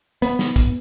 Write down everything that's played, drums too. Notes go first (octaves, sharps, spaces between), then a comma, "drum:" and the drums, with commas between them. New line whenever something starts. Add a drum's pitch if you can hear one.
B3, drum: hi-hat
drum: snare
drum: kick, hi-hat